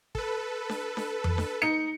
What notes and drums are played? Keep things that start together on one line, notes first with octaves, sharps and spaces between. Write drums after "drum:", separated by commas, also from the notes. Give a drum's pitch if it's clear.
A4 B4, drum: kick
drum: snare D4
drum: snare D4
drum: tom F2
drum: snare D4
D#4 C#7